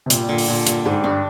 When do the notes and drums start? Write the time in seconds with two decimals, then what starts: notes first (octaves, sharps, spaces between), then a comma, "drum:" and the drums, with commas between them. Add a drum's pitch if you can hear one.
0.06 C3
0.10 A#2 G3, drum: hi-hat
0.29 A#2 D3
0.38 drum: open hi-hat
0.48 A#2 D4
0.66 A#2 G3, drum: hi-hat
0.85 G#2 G3
1.04 G2 D4